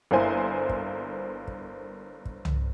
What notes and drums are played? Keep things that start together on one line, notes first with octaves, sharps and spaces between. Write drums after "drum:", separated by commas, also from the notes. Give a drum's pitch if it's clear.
G1 A#3 E4 C5 G#5
drum: kick
drum: kick
drum: kick
drum: tom C2